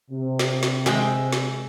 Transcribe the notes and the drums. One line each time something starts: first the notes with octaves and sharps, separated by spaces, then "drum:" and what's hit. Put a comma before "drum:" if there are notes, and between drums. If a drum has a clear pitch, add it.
C3
drum: snare
drum: snare
G#3 E5 G5, drum: snare
drum: snare